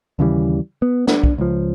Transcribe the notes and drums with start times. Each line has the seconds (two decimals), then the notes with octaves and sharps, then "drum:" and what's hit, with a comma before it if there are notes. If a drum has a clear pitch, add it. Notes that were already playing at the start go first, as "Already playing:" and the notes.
0.19 D#2 C#3 E3 G3
0.82 B3
1.07 D4, drum: snare
1.23 drum: kick B1
1.38 C#2 F3